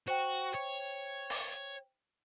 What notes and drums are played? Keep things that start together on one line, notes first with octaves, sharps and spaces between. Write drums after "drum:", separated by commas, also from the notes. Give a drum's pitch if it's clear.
F#4 C5 G5
C#5
drum: open hi-hat